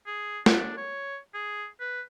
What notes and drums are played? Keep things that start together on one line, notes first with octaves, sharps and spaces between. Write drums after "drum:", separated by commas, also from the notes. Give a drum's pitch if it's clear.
G#4
D4, drum: snare
C#5
G#4
B4